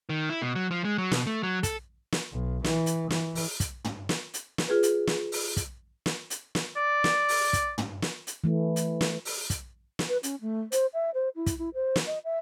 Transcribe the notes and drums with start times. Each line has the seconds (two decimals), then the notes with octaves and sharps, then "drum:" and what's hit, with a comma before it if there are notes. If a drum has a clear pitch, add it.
0.09 D#3
0.30 E4
0.42 B2
0.55 F#3
0.71 F3
0.84 G#3
0.98 F#3
1.12 B2, drum: snare
1.27 A3
1.43 F#3
1.63 A4, drum: kick, hi-hat
2.12 drum: snare
2.32 B1
2.64 E3, drum: snare
2.86 drum: hi-hat
3.10 E3, drum: snare
3.35 drum: open hi-hat
3.60 drum: kick, hi-hat
3.84 drum: tom
4.09 drum: snare
4.34 drum: hi-hat
4.58 drum: snare
4.68 F4 G#4 B4
4.83 drum: hi-hat
5.07 drum: snare
5.32 drum: open hi-hat
5.57 drum: kick, hi-hat
6.06 drum: snare
6.30 drum: hi-hat
6.55 drum: snare
6.76 D5
7.04 drum: snare
7.29 drum: open hi-hat
7.53 drum: kick, hi-hat
7.78 drum: tom
8.02 drum: snare
8.27 drum: hi-hat
8.44 E3 A3
8.76 drum: hi-hat
9.01 drum: snare
9.25 drum: open hi-hat
9.50 drum: kick, hi-hat
9.99 drum: snare
10.08 B4
10.23 C#4, drum: hi-hat
10.41 A3
10.72 C5, drum: hi-hat
10.94 E5
11.14 C5
11.36 E4
11.46 drum: kick, hi-hat
11.59 E4
11.74 C5
11.96 drum: snare
12.07 D#5
12.24 E5